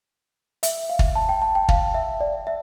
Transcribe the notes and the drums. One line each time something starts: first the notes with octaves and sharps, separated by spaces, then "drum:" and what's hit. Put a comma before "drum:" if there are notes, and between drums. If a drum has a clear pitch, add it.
E5, drum: hi-hat
F5
drum: kick
A5
G5
A5
G5
F5, drum: kick
E5
D5
E5